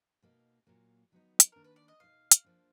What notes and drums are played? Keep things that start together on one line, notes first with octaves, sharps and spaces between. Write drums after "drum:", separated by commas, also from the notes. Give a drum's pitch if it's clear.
B2 A#3 D#4
A#2 F#3 A#3
D#3 F#3 B3 D#4
drum: hi-hat
D#3 A#3 D4 A#4
B4
D5
D#5
B2 A#3 D#4 F5
drum: hi-hat
F3 A#3 D4